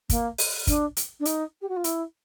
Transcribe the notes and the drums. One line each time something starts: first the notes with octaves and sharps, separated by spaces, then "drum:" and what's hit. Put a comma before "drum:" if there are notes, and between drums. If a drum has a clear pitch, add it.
A#3, drum: kick, hi-hat
drum: open hi-hat
D4, drum: kick, hi-hat
drum: hi-hat
D4
D#4, drum: hi-hat
G4
F#4
F4
E4, drum: hi-hat